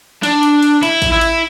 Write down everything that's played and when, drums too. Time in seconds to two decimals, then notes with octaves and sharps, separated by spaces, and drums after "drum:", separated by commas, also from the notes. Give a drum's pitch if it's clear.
0.23 D4, drum: cymbal
0.43 drum: cymbal
0.62 drum: cymbal
0.83 E4, drum: cymbal
1.02 drum: kick, cymbal
1.12 E4
1.21 drum: cymbal